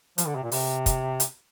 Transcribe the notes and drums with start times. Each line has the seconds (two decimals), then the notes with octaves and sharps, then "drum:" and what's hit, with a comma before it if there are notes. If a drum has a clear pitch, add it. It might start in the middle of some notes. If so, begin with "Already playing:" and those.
0.18 F3, drum: hi-hat
0.27 D3
0.35 C3
0.44 A#2
0.52 C3, drum: open hi-hat
0.86 drum: kick, hi-hat
1.20 drum: hi-hat